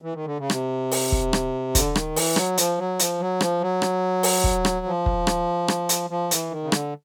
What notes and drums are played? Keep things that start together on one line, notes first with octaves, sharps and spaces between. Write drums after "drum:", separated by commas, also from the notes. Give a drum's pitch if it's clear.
E3
D#3
D3
C#3
C3, drum: rim click
drum: open hi-hat
drum: kick
drum: rim click
D3, drum: kick, hi-hat
D#3, drum: rim click
E3, drum: open hi-hat
F#3, drum: rim click
F3, drum: hi-hat
F#3
F3, drum: hi-hat
F#3
F3, drum: rim click
F#3
drum: rim click
drum: open hi-hat
drum: kick
drum: rim click
F3
drum: kick
drum: rim click
drum: rim click
drum: hi-hat
F3
E3, drum: hi-hat
D#3
C#3
D3, drum: rim click